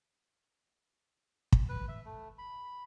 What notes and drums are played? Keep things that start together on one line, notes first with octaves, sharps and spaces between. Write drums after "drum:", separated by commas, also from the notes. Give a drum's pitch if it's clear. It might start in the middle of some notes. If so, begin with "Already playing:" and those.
drum: kick
B4
E5
A3
B5